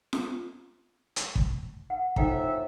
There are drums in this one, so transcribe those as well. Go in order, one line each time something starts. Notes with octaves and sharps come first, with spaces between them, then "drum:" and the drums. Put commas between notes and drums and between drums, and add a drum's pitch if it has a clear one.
drum: snare F4
drum: hi-hat
drum: kick
F#5
F2 A2 D#4 E5 G5 A#5, drum: kick